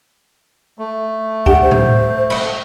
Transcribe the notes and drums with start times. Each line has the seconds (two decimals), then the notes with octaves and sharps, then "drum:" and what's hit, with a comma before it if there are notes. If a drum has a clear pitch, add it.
0.79 A3
1.46 D4 G4 F#5, drum: kick
1.62 C5
1.71 drum: tom A2
2.30 B5 C#6, drum: cymbal